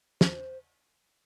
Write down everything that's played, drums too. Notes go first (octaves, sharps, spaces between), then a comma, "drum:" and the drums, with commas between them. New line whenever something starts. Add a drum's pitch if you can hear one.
C5, drum: snare